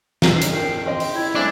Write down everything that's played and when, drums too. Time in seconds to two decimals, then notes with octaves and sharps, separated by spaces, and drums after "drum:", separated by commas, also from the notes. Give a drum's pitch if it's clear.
0.22 D#4 C7, drum: snare
0.42 drum: hi-hat
0.53 A#4 G5 A5 C7
0.86 C4 D#5 C6
1.00 drum: open hi-hat
1.15 E4 G#6
1.35 G#3 A3 C4 D4